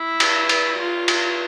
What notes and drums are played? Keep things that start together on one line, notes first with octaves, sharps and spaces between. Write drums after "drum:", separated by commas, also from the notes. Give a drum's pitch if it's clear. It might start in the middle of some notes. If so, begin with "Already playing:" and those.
Already playing: E4
drum: cymbal
drum: cymbal
F4
drum: cymbal